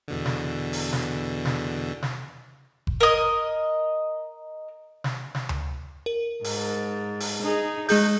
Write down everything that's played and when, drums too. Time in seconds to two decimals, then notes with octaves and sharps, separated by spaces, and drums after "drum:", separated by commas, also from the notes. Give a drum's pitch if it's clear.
0.08 E2 B2 D3
0.25 drum: snare
0.73 drum: open hi-hat
0.93 drum: snare
1.45 drum: snare
2.02 drum: snare
2.87 drum: kick F#1
3.00 A#4 D#5
5.04 drum: snare
5.35 drum: snare
5.49 drum: tom D2
6.06 A#4
6.44 G#2, drum: open hi-hat
7.20 drum: open hi-hat
7.42 D#4 G#4
7.89 G#3 G#4 D#5 G6, drum: open hi-hat